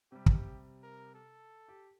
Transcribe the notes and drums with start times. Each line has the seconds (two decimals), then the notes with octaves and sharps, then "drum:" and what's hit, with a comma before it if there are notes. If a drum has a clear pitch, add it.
0.12 C3 G3 G4
0.26 drum: kick
0.83 A#4
1.14 A4
1.68 G4